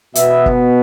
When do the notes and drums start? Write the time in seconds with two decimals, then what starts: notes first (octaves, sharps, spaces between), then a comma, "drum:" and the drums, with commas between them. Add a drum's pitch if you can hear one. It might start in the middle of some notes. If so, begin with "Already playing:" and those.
0.15 B2 B3 E5, drum: hi-hat
0.46 drum: kick